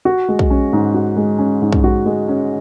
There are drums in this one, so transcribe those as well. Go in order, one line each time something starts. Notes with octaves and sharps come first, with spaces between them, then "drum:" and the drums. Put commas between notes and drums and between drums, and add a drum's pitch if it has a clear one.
F#4
G#3
drum: kick
C#4
G#2
F#4
G#3
C#4
G#2
drum: kick
F#4
G#3
C#4